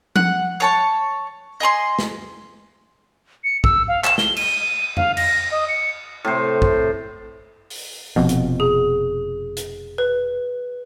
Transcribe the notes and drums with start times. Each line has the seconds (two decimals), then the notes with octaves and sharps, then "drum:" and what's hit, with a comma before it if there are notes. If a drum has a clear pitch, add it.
0.16 F#5, drum: tom F3
0.60 C#5 A5 C#6
1.60 D#5 G#5 A#5 C6
1.99 drum: snare
3.44 C#7
3.64 E6, drum: kick
3.88 F5
4.04 E7, drum: clap
4.18 G7, drum: snare
4.36 D#7, drum: cymbal
4.97 F5, drum: tom F2
5.17 A#6, drum: cymbal
5.51 D#5
5.68 C#7
6.25 A2 C3 C5
6.62 drum: kick
7.70 drum: open hi-hat
8.16 F1 F2 B2
8.29 drum: hi-hat
8.60 G#4
9.57 drum: hi-hat
9.98 B4